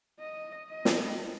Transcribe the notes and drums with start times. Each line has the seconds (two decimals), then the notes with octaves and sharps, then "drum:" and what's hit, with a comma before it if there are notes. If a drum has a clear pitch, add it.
0.19 D#5
0.70 D#5
0.85 drum: snare